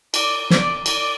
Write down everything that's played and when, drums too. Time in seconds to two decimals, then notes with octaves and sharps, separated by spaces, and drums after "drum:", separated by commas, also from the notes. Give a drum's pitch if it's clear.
0.14 D5, drum: cymbal
0.50 D5, drum: snare
0.86 D5, drum: cymbal